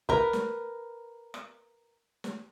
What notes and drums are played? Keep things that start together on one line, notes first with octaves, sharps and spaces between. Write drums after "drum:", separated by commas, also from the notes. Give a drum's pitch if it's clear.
A#4 B4, drum: kick
drum: snare
drum: rim click
drum: snare